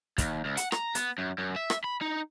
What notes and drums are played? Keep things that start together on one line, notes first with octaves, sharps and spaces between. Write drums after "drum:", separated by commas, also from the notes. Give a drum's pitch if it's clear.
D#2, drum: kick, hi-hat
C#2
F#5, drum: hi-hat
A#5, drum: rim click
B3, drum: hi-hat
F#2
F#2
E5
drum: rim click
B5
D#4